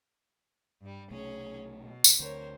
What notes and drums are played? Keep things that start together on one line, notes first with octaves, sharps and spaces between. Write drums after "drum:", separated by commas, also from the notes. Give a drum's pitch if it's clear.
G2 G3
B1 C3 A3 C#4 G#4 C#5
B2
drum: tambourine
D2 D3 C4 A#4 C5 C#5